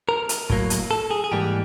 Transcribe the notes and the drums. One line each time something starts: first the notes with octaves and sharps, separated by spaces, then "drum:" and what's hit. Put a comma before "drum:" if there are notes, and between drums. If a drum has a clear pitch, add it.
A#4
drum: hi-hat
A2 F#3 A#3, drum: kick
drum: hi-hat
A4
G#4
G#4
G#2 E3 G3 A#3 G4